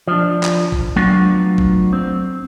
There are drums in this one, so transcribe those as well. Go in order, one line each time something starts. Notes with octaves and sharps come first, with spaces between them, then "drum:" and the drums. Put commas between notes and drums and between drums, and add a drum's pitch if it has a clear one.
F3 D4
drum: clap
drum: kick A1
F#3 A3 B3 D4 F4
drum: kick A1
C4